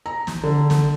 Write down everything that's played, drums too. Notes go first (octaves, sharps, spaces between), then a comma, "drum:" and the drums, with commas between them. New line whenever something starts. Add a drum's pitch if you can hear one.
A#5
drum: snare
D3
drum: snare